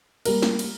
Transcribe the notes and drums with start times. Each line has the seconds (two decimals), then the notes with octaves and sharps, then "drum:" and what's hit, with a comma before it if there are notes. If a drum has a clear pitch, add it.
0.25 G3 A#3 A#4, drum: cymbal
0.42 drum: snare
0.59 drum: cymbal